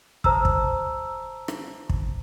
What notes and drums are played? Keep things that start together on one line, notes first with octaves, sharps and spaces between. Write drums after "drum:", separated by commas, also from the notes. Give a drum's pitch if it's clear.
C5 A5 A#5 D#6 E6, drum: kick
drum: kick
drum: rim click
drum: kick